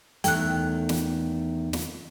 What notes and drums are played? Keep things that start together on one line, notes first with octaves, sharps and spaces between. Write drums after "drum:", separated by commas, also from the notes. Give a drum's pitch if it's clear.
E2 D#3 A3 G5 F#6, drum: hi-hat
drum: snare
drum: snare